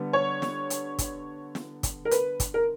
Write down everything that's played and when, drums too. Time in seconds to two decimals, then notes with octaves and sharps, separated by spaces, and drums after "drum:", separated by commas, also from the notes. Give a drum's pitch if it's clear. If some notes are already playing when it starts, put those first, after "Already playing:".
Already playing: D3 G3 B3
0.13 C#5
0.42 drum: snare
0.70 drum: hi-hat
0.98 drum: kick, hi-hat
1.55 drum: snare
1.83 drum: kick, hi-hat
2.05 A#4
2.11 B4, drum: hi-hat
2.40 drum: kick, hi-hat
2.54 A#4